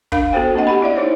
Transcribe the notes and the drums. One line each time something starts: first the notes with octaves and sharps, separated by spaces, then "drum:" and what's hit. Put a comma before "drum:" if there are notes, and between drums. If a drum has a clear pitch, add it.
D4 A#4 F5, drum: kick
B3 F#4 A4 C5 G5
A#3 C4 D4 D#5 F#5
G4 F#5 B5
B3 E4 D5 E5
D#4 E4 C5 C#5